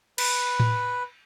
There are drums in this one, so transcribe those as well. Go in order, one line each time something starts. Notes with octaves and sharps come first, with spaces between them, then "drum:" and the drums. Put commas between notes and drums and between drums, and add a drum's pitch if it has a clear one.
B4, drum: cymbal
drum: tom A2